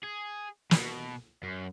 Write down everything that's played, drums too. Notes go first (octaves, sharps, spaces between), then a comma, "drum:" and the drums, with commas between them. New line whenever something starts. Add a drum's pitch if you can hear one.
G#4
B2, drum: snare
F#2